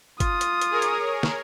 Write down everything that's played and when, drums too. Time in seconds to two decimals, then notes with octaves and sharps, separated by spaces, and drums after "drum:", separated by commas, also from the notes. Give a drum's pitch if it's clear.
0.20 F4 D#6, drum: kick, hi-hat
0.41 drum: hi-hat
0.61 drum: hi-hat
0.71 G#4 A#4 C#5
0.82 drum: hi-hat
1.23 drum: snare